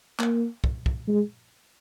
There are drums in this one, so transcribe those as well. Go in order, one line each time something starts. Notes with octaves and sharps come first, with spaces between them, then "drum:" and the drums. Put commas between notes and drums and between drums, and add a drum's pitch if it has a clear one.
A#3, drum: clap
drum: kick
drum: kick
G#3